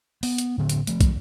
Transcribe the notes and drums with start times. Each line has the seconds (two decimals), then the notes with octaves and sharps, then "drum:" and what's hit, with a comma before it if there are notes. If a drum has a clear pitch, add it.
0.23 B3, drum: open hi-hat
0.38 drum: hi-hat
0.58 A2 D3 B3
0.69 drum: hi-hat
0.87 F3 A3, drum: hi-hat
1.01 drum: kick, hi-hat